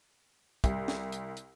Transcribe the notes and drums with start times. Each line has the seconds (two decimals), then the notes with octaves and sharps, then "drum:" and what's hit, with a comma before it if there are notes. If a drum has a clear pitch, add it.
0.64 C2, drum: kick, hi-hat
0.88 drum: snare
1.12 drum: hi-hat
1.37 drum: hi-hat